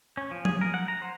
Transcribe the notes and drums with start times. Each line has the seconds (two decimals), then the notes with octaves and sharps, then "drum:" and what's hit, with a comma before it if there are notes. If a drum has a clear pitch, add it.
0.17 C#4
0.31 F3
0.45 G#4, drum: tom F3
0.61 A#4
0.74 F#5
0.88 A#5
1.02 C5